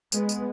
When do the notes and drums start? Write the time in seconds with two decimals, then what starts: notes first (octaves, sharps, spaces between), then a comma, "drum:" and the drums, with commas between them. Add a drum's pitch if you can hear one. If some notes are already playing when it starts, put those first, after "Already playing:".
0.12 G#3 B3, drum: tambourine
0.29 drum: tambourine